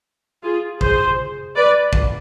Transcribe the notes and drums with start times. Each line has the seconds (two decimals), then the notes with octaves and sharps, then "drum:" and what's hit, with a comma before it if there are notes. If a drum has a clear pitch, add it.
0.42 F4 G#4
0.81 G#4 C5, drum: kick
1.56 B4 D5
1.93 drum: kick